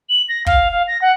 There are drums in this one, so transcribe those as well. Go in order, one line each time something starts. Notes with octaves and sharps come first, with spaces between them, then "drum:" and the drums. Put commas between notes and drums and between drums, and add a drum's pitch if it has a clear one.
F#7
A#6
F5, drum: kick
F5
A#6
F#5